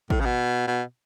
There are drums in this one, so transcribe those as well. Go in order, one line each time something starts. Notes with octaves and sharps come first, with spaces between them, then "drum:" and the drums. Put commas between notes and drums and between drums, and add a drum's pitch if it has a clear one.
A2, drum: kick
C#3
B2
B2